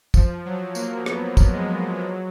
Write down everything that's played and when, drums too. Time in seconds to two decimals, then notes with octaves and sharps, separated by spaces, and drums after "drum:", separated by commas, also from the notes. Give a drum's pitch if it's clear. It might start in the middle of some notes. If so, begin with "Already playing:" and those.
0.14 F3, drum: kick, tambourine
0.45 F#3
0.75 A#3, drum: tambourine
1.06 B3, drum: rim click
1.37 drum: kick, tambourine
1.52 G#3
1.98 F#3